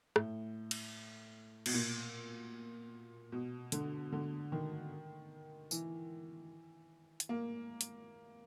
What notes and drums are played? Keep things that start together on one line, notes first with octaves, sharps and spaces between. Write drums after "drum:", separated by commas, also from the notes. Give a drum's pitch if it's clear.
A2, drum: rim click
drum: cymbal
B2, drum: cymbal
A#2
B2
D3, drum: hi-hat
D3
D#3
E3, drum: tambourine
drum: hi-hat
A#3
drum: hi-hat